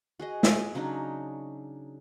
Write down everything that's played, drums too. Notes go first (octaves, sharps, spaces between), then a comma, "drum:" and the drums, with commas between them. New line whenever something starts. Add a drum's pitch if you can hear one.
F#4 G#4 D#5
drum: snare
C#3 F#3 D4 D#4